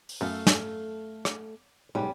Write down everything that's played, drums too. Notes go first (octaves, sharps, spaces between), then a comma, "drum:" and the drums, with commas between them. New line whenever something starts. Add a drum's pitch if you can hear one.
drum: open hi-hat
F#2 A3 A4 F5
drum: snare
drum: rim click
B1 G#2 G3 C#4